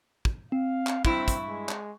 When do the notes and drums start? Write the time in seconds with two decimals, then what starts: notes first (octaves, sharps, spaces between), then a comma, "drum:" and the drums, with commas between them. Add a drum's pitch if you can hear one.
0.25 drum: kick
0.52 C4 F5
0.87 drum: clap
1.05 G2 C4 E4 C#6, drum: kick
1.28 drum: kick, hi-hat
1.48 G#3
1.69 drum: clap